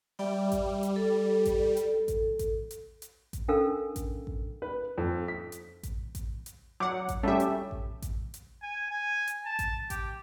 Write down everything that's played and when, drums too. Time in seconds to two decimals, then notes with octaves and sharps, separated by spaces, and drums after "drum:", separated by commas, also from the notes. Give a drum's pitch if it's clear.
0.19 G3 D5 E5 G5
0.52 drum: kick A1, hi-hat
0.83 drum: hi-hat
0.96 A4
1.45 drum: kick A1, hi-hat
1.77 drum: hi-hat
2.08 drum: kick A1, hi-hat
2.39 drum: kick A1, hi-hat
2.71 drum: hi-hat
3.02 drum: hi-hat
3.33 drum: kick A1, hi-hat
3.48 C#4 D4 A4 A#4 F5
3.96 drum: kick A1, hi-hat
4.27 drum: kick A1
4.62 B4
4.98 F2
5.28 B6
5.52 drum: hi-hat
5.83 drum: kick A1, hi-hat
6.15 drum: kick A1, hi-hat
6.46 drum: hi-hat
6.80 F#3 F#5 D6
7.09 drum: kick A1, hi-hat
7.23 G3 A3 C#4 G4 E5
7.40 drum: hi-hat
7.71 drum: kick A1
8.02 drum: kick A1, hi-hat
8.34 drum: hi-hat
8.62 G#5
8.90 G#5
9.28 drum: hi-hat
9.45 A5
9.59 drum: kick A1, hi-hat
9.90 G4, drum: kick A1, hi-hat